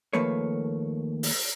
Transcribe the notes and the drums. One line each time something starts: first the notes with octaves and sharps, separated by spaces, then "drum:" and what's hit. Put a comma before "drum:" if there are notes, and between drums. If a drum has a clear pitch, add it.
D#2 F3 A3 A#3 B4 C#5
drum: open hi-hat